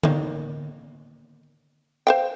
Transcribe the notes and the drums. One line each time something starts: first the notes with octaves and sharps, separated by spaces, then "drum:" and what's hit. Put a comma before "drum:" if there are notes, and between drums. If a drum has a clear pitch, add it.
D#3 A#3, drum: tom D3
C5 F5 G5